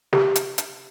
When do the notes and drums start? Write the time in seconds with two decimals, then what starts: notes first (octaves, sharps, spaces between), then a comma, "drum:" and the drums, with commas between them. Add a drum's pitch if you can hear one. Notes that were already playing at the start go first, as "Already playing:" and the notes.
0.13 G4, drum: snare
0.36 drum: hi-hat
0.58 drum: hi-hat